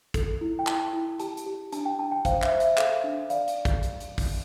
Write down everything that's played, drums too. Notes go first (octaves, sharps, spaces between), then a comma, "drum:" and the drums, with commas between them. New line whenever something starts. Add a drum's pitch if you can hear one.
A4, drum: kick, hi-hat
E4
G5
E4 A5, drum: clap
E4
G4 A5, drum: hi-hat
drum: hi-hat
G4
D4 A5, drum: hi-hat
G5
D4 A5
G5
C5 F5, drum: kick, hi-hat
E5, drum: clap
C5
E5, drum: hi-hat
A4 F5, drum: clap
D4
D5 F5, drum: hi-hat
drum: hi-hat
drum: kick, hi-hat
drum: hi-hat
drum: hi-hat
drum: kick, open hi-hat